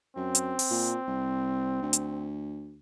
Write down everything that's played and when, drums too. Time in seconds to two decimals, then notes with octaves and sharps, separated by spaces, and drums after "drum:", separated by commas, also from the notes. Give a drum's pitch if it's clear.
0.16 F#2 C4
0.35 drum: hi-hat
0.59 drum: open hi-hat
0.70 A#2
1.07 C2
1.82 D2
1.93 drum: hi-hat